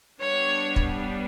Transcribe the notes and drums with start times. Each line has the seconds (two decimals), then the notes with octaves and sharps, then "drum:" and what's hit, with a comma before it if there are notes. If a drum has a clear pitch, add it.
0.21 G3 B3 D4 C#5
0.76 drum: kick